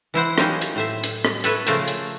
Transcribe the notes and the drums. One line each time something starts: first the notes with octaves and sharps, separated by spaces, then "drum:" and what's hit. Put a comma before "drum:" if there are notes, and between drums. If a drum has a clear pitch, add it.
E3 E4 C5 F#5
F#3 C#4 D#4 G4 A#4 F5, drum: rim click
drum: hi-hat
A2 C5 E5
drum: hi-hat
drum: rim click
A4 B4 C#5 E5, drum: hi-hat
C#3 F3 A3 A#4 C5 A5, drum: hi-hat
drum: hi-hat